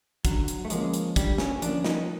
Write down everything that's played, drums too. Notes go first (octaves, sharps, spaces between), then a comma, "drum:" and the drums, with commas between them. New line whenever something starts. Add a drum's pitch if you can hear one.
D3 F#3, drum: kick, hi-hat
drum: hi-hat
A3
F3 G#3 A#3 C#4, drum: hi-hat
drum: hi-hat
D3 G3, drum: kick, hi-hat
C#4, drum: snare
F3 A#3 C#4 D4, drum: hi-hat
D#4, drum: snare